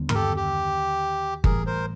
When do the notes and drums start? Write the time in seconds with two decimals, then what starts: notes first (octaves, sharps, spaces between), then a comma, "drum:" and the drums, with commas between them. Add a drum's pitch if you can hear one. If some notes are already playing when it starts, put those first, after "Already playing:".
Already playing: D#2 D3 G3 B3
0.09 A#4, drum: tom G2
0.14 G4 A4
0.37 G4
1.44 A2 E3 G3 G#4 A#4, drum: kick G1
1.66 A#4 C5